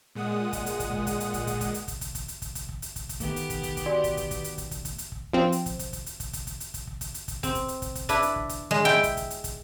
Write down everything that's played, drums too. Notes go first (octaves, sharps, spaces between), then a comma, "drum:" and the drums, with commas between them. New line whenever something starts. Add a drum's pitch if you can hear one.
A#2 G#3 F#5 D#6
drum: kick, hi-hat
drum: hi-hat
drum: kick, hi-hat
drum: kick
drum: kick, hi-hat
drum: hi-hat
drum: kick, hi-hat
drum: kick, hi-hat
drum: kick, hi-hat
drum: hi-hat
drum: kick, hi-hat
drum: kick, hi-hat
drum: kick, hi-hat
drum: hi-hat
drum: kick, hi-hat
drum: kick, hi-hat
drum: kick
drum: hi-hat
drum: kick, hi-hat
drum: kick, hi-hat
D#3 A3 B3 G4, drum: kick, hi-hat
drum: hi-hat
drum: kick, hi-hat
drum: kick, hi-hat
drum: kick, hi-hat
F#4 D5 G#5
drum: kick, hi-hat
drum: kick, hi-hat
drum: kick, hi-hat
drum: hi-hat
drum: kick, hi-hat
drum: kick, hi-hat
drum: kick, hi-hat
drum: hi-hat
drum: kick
F3 C4
drum: hi-hat
drum: kick, hi-hat
drum: kick, hi-hat
drum: kick, hi-hat
drum: hi-hat
drum: kick, hi-hat
drum: kick, hi-hat
drum: kick, hi-hat
drum: hi-hat
drum: kick, hi-hat
drum: kick
drum: kick, hi-hat
drum: hi-hat
drum: kick, hi-hat
C4, drum: kick, hi-hat
drum: kick, hi-hat
drum: hi-hat
drum: kick, hi-hat
drum: kick, hi-hat
D4 E4 B4, drum: kick, hi-hat
drum: hi-hat
drum: kick
drum: kick, hi-hat
G#3
E4 G5
drum: kick, hi-hat
drum: kick, hi-hat
drum: hi-hat
drum: kick, hi-hat